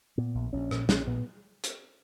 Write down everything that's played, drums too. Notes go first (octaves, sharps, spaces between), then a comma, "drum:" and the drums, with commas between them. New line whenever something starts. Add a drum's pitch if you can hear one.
A#2 B3
A#1
A#1 C#4
A#2, drum: rim click
A#1 C#4, drum: snare
A#2 B3
drum: hi-hat